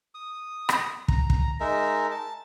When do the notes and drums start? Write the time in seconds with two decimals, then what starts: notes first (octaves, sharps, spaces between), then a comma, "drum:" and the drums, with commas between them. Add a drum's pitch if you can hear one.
0.15 D#6
0.69 drum: rim click
1.08 A#5, drum: kick
1.30 drum: kick
1.60 G#3 D#4 A#4 E5
2.11 A5